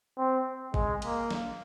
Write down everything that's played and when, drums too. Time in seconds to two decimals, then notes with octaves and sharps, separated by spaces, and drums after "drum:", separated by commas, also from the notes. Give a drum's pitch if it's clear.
0.18 C4
0.74 G#3, drum: kick A1
1.02 A#3, drum: cymbal
1.30 drum: snare